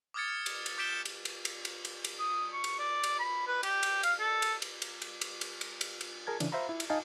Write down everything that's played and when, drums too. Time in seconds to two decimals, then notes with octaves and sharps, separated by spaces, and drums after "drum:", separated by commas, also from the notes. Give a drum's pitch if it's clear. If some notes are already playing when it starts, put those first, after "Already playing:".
0.14 D6 D#6 F6 G#6 A6 C#7
0.28 F6 C#7
0.46 drum: cymbal
0.66 drum: cymbal
0.78 D6 G6 B6 D7 E7 G7
1.05 drum: cymbal
1.25 drum: cymbal
1.45 drum: cymbal
1.65 drum: cymbal
1.85 drum: cymbal
2.04 drum: cymbal
2.19 D#6
2.53 C#6
2.64 drum: cymbal
2.79 D5
3.04 drum: cymbal
3.19 B5
3.47 B4
3.63 G4, drum: cymbal
3.83 drum: cymbal
4.03 F5, drum: cymbal
4.19 A4
4.42 drum: cymbal
4.62 drum: cymbal
4.82 drum: cymbal
5.02 drum: cymbal
5.21 drum: cymbal
5.41 drum: cymbal
5.61 drum: cymbal
5.81 drum: cymbal
6.01 drum: cymbal
6.27 G#4 A#4 A5 G#6
6.40 C#3 E3 D4, drum: cymbal
6.52 C5 E5 F5 A#5 B5
6.69 E4
6.80 drum: cymbal
6.90 D#4 D#5 F5 G#5 A5